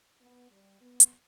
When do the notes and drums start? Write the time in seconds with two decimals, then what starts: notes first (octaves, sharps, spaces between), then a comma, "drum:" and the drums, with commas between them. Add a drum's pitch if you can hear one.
0.21 B3
0.51 G3
0.80 B3
1.00 drum: hi-hat